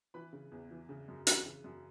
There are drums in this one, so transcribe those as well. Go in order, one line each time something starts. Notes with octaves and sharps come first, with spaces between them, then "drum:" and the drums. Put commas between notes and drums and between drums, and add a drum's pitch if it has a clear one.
E3 B4 B5
C#3
E2
E3
C#3
F#2
E3 B4 B5, drum: hi-hat
C#3
F#2